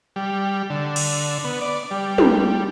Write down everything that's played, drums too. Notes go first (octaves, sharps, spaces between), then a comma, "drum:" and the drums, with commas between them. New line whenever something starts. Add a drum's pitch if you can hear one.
G3
D3
drum: cymbal
B3
D5
G3
drum: tom